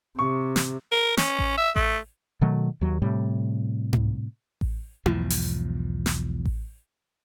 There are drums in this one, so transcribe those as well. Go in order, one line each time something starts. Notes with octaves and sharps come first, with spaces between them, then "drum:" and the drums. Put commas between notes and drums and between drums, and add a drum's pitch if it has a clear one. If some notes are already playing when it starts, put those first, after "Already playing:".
C3 C#6
drum: snare
A#4
C#4, drum: snare
drum: kick A1
E5
A3, drum: kick A1
B2 D#3 F#3 A3
D#2 F#3
A2 C3 G3
drum: tom G#2
drum: kick A1
B1 E2 G#2 F3, drum: tom E4
drum: open hi-hat
drum: snare
drum: kick A1